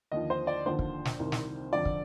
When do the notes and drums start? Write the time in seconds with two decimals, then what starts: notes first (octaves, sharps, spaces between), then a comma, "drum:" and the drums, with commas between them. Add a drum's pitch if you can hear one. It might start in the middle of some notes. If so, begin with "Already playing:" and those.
0.12 D#2 D3 F3 D#5
0.30 C5
0.47 D5
0.65 D#2 D3 F3 C5
0.79 drum: kick
1.05 drum: snare
1.19 C2 C3 D#3
1.32 drum: snare
1.71 F2 D3 F3 D5
1.85 drum: kick